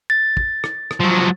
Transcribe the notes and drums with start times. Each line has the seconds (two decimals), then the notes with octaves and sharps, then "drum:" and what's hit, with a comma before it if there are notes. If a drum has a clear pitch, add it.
0.10 A6
0.37 drum: kick
0.64 drum: rim click
0.91 drum: rim click
1.00 F3 F#3